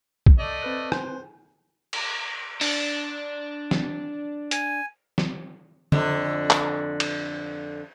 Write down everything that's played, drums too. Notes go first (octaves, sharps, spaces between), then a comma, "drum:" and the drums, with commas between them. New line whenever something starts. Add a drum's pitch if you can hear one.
drum: kick
A3 D5 D#5
C4 B4 F#6
C5, drum: rim click
drum: cymbal
D4, drum: open hi-hat
drum: snare
G#5, drum: hi-hat
drum: snare
F2 D3, drum: tom
drum: clap
drum: cymbal